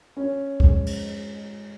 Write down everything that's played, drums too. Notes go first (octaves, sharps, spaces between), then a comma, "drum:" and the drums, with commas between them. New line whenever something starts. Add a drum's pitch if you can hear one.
C#4
G#2, drum: kick
drum: cymbal